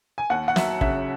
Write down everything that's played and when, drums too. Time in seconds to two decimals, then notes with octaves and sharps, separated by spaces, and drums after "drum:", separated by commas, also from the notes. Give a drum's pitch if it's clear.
0.18 G#5
0.30 D#2 F#5
0.48 F#5
0.56 F#3 E5, drum: snare
0.81 C#3 E5, drum: kick